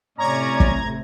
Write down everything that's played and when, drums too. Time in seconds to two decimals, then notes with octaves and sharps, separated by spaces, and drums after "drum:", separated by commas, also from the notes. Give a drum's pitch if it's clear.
0.18 A2 C3 C#4 C#5 D5 A#5 G#6
0.60 drum: kick